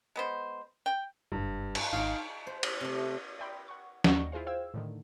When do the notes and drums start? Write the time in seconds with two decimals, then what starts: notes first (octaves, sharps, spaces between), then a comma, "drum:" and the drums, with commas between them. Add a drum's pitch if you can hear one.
0.16 G#3 B3 C5
0.86 G5
1.32 F#1 G2
1.75 drum: cymbal
1.93 G#1 D#4 F5
2.47 C5
2.63 drum: cymbal
2.81 C3 A3
3.39 D5 E5 G5 B5 C6
3.68 F#5 C#6
4.04 D#2 D#4 D5 F#5 C#6 A#6, drum: snare
4.32 E4 F4 G#4 C5 F5
4.46 C5 F5 G5 E6 G#6
4.74 A2 D3 D#3